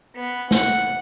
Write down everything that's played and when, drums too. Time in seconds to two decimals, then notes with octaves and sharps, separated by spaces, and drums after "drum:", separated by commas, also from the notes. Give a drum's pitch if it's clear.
0.15 B3
0.51 F#5, drum: snare